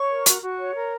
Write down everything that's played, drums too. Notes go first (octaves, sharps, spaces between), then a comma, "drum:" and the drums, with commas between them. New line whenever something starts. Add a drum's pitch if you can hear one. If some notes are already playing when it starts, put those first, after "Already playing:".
Already playing: C#5 C#6
A#4
F#4, drum: hi-hat
F#4
C#5
A#4